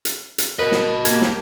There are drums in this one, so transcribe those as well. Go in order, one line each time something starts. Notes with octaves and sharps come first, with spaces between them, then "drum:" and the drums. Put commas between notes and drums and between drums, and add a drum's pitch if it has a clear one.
drum: hi-hat
drum: hi-hat
F#4 A#4 B4 D#5
drum: snare
A#3 G4 A5 G#6, drum: hi-hat
drum: snare